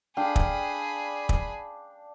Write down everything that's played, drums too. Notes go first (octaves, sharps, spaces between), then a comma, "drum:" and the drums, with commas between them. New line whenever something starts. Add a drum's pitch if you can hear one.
D4 G#4 F5 G5 B5
drum: kick
drum: kick